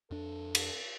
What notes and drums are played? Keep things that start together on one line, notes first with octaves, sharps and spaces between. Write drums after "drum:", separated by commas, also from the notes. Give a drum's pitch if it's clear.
F2 D4 A4
drum: cymbal